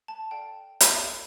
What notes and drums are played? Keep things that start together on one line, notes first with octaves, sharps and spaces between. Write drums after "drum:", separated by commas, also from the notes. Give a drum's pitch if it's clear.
A5
A4 D5 F5 G5
drum: hi-hat
A4 D5 F5